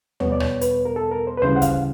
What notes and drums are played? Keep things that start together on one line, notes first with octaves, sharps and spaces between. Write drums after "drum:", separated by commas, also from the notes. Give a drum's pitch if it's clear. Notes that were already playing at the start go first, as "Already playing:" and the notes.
E2 B2 G3 B3 C#5, drum: tom D#2
D5
C#5, drum: rim click
B4, drum: hi-hat
A#4
A4
A#4
C5
B4
D2 C#3 E3 G3 C5
F#5
F5, drum: kick D#1, hi-hat